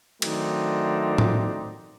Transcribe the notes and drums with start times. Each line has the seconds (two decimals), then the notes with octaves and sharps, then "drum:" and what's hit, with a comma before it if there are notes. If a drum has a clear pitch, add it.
0.22 D#3 F#3 A3 C4 D4 D#4, drum: cymbal
1.18 drum: tom